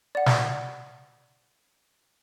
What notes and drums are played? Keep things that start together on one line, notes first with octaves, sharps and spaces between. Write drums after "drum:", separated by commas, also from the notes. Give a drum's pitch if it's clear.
D5 F#5
drum: snare